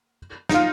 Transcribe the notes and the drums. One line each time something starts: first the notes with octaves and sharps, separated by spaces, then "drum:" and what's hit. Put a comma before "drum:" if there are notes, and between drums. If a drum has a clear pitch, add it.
D#4, drum: snare
F4